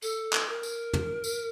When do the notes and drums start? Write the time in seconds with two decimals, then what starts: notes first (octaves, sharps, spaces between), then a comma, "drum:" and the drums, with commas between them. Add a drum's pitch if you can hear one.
0.02 A4, drum: tambourine
0.33 drum: clap
0.49 A#4
0.63 drum: tambourine
0.93 drum: tom
1.24 drum: tambourine